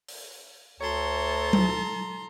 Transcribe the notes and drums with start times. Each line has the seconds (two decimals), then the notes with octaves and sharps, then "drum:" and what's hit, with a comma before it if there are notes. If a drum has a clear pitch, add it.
0.08 drum: open hi-hat
0.81 D2 A4 C#5 A5 A#5 C6
1.53 drum: tom F#3